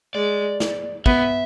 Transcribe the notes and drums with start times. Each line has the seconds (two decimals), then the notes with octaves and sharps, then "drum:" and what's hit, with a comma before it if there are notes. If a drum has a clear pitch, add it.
0.15 G#3 D5
0.60 drum: snare
1.06 B3 E5, drum: kick